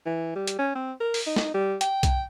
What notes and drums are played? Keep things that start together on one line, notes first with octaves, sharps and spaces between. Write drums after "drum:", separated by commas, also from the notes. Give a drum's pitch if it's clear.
E3
G3
drum: hi-hat
C#4
C4
A#4
drum: open hi-hat
D#4
drum: snare
G3
G5, drum: hi-hat
drum: kick B1, hi-hat